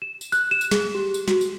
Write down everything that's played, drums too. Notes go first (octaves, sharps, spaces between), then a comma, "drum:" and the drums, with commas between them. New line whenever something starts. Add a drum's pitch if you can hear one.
E7
drum: tambourine
F#6, drum: tambourine
E7
drum: tambourine
G#4, drum: snare
G4
drum: tambourine
F#4, drum: snare
drum: tambourine